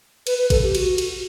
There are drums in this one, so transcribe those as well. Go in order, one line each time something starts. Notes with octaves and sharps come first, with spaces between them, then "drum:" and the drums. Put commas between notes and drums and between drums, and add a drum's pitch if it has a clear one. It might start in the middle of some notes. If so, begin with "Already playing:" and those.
B4, drum: cymbal
B4
A4, drum: kick A1, cymbal
G4
F#4, drum: cymbal
drum: cymbal